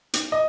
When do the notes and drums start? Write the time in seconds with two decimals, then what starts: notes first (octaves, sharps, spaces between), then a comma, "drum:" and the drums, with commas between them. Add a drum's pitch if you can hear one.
0.14 drum: hi-hat
0.32 D#5